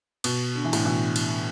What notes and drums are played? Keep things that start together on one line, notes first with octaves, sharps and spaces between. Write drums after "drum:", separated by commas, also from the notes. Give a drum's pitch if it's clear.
B2, drum: cymbal
D3
E3
A2 D3, drum: cymbal
B2 E3
drum: cymbal